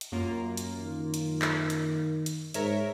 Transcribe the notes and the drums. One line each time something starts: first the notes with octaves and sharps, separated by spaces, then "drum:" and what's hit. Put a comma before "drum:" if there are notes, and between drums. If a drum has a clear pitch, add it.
drum: hi-hat
F#2 A#3 F4
drum: hi-hat
D#3
drum: hi-hat
drum: clap
drum: hi-hat
drum: hi-hat
G#2 A#4 C#5 E5, drum: hi-hat